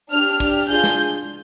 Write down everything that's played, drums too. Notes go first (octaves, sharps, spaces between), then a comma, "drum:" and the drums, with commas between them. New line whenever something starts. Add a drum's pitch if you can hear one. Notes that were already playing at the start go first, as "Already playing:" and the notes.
D4 G4 F6
D4 G4, drum: kick
D4 F4 G#4 G6
drum: snare